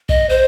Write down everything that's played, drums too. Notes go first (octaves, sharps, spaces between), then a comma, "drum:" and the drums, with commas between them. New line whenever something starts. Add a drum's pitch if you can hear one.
D#5, drum: kick
C5